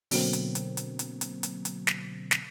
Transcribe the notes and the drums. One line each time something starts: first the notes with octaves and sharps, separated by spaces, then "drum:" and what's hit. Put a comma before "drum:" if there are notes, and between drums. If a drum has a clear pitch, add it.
B2 D3 F#3 A#3 C4, drum: open hi-hat
drum: hi-hat
drum: hi-hat
drum: hi-hat
drum: hi-hat
drum: hi-hat
drum: hi-hat
drum: hi-hat
drum: snare
drum: snare